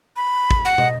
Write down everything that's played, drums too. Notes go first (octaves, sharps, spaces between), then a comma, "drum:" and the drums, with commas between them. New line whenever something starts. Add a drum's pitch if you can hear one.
B5
drum: kick
F#5
D#5, drum: tom